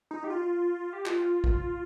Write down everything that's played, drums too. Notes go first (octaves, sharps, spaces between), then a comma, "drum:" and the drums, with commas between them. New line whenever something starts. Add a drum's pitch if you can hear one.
D#4
G4
F4
G4
F4, drum: clap
drum: kick